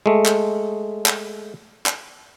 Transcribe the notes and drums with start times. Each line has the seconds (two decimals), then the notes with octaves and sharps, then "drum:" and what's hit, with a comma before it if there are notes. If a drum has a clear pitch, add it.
0.06 G#3 A3
0.26 drum: clap
1.06 drum: clap
1.86 drum: clap